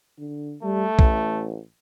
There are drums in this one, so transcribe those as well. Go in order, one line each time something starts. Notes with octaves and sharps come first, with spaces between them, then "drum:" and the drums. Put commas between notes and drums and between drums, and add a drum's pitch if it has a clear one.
D3
G3 A3
A1, drum: kick